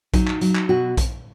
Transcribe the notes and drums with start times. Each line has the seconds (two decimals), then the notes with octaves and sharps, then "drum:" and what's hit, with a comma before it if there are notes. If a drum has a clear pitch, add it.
0.14 F#3 D#4, drum: kick A#1, hi-hat
0.27 drum: clap
0.41 F#3, drum: hi-hat
0.55 drum: clap
0.69 B2 F#4
0.97 drum: kick A#1, hi-hat